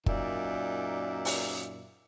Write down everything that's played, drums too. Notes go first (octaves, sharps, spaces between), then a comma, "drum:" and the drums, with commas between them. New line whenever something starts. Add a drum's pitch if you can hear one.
F#2 A#2 D#4 D5 E5, drum: kick
drum: open hi-hat